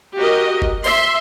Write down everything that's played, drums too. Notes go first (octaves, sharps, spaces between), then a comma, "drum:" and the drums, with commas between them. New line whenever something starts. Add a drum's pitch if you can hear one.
F#4 G4 A#4 D#5
drum: kick G1
E5 C6, drum: open hi-hat